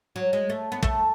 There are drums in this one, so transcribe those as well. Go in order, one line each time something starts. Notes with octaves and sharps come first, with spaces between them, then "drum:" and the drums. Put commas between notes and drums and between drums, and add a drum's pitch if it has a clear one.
F#3
G#3
A3
B3
A3, drum: kick